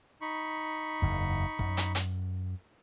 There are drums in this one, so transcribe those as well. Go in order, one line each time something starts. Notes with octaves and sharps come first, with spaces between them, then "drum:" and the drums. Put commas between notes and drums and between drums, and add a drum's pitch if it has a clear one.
D#4 B5 C#6
F#1 E2
F#2, drum: kick
drum: hi-hat
drum: hi-hat